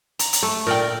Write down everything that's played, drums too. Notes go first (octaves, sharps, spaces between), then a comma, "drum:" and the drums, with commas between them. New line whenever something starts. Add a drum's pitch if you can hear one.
A#5, drum: hi-hat
drum: hi-hat
A3
A#2 A#4 D5 G5